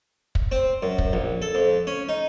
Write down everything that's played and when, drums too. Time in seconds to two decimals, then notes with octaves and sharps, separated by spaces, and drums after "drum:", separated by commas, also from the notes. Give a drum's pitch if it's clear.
0.35 drum: kick
0.52 C4
0.83 F#2
0.98 drum: kick
1.13 A#1
1.42 A4
1.55 F2
1.87 C#4
2.09 D#4